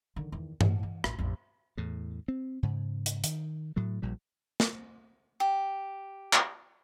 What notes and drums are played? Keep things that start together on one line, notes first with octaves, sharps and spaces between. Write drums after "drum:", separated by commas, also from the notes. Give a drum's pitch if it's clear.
D3 D#3
E2 D#3
A2, drum: tom G2
E3
A1, drum: rim click
A1 F2
E2 A2
C4
G#2 C#3
drum: hi-hat
D#3, drum: hi-hat
A2 F#3 A3
A#1 A#2 G3
drum: snare
G4
drum: clap